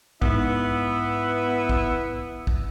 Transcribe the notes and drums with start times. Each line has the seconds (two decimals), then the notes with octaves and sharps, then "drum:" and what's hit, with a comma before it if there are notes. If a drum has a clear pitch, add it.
0.22 G#2 B3 E4, drum: kick
1.69 drum: kick
2.47 drum: kick